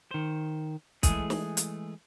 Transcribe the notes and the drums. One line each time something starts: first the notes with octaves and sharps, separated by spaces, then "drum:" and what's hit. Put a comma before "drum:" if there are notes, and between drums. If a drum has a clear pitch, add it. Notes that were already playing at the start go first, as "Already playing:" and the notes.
D#3 C5
E3 G#3 A3 G#4, drum: kick, hi-hat
drum: snare
drum: hi-hat